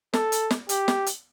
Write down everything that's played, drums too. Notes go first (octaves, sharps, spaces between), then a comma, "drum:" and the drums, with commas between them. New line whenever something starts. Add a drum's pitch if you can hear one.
A4, drum: snare
drum: hi-hat
drum: snare
G4, drum: hi-hat
drum: snare
drum: hi-hat